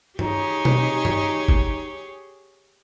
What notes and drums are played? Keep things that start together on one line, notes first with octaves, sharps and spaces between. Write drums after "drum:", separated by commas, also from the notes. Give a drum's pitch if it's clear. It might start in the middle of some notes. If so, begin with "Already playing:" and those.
D#4 G4 G#4 C#5, drum: tom G2
drum: tom B2
drum: tom G2
drum: kick